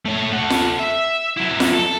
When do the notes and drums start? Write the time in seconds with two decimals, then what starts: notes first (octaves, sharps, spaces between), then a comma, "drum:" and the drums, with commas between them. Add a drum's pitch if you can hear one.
0.06 A3 C#5
0.33 A3 F#5
0.50 drum: snare F4
0.79 E5
1.38 F#3 E4
1.60 drum: snare F4
1.74 A4